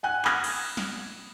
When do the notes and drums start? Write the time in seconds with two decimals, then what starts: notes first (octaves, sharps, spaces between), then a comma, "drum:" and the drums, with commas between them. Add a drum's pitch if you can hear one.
0.03 F#5 G#5 F#6
0.25 B5 D#6 F6 G#6 A#6, drum: clap
0.44 drum: cymbal
0.77 drum: snare